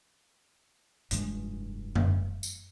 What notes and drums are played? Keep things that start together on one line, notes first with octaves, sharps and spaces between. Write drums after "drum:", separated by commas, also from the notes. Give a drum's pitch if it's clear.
F1 G2 E3 G#3, drum: hi-hat
drum: tom F#2
drum: tambourine